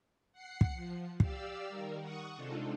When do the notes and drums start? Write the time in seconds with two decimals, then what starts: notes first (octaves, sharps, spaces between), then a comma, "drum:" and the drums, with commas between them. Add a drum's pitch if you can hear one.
0.33 F#5 C7 C#7
0.61 drum: kick
0.74 F3
1.20 G4 D5 F5 E6, drum: kick
1.68 D#3 G3 A#4
2.02 F#5 C#6 D#6
2.36 C3 G#3 D4 D#4 F4 A4